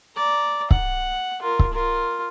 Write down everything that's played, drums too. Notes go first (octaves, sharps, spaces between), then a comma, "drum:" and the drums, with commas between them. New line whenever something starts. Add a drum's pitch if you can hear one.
D5 A#5
F#5, drum: kick C#1
F4 A#4
drum: kick C#1
F4 A#4